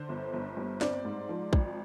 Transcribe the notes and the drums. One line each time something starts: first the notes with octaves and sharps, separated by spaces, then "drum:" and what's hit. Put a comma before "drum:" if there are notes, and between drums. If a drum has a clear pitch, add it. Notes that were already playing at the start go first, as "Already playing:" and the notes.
Already playing: D3 C5
G1
G1
G2
C4 D5, drum: snare
G#2
F3
G#1, drum: kick